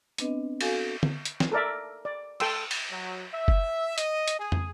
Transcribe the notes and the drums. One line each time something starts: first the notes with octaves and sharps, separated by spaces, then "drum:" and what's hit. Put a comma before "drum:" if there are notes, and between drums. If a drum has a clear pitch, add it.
B3 C4 D4 B4 D#5, drum: hi-hat
F#4 A4 F5 G#5, drum: cymbal
drum: tom
drum: hi-hat
drum: snare
A4 A#4 D5 E5
D5
A4 G5 C6 E6, drum: cymbal
drum: cymbal
F#3
E5
drum: kick F#1
D#5, drum: hi-hat
drum: hi-hat
G#4
drum: tom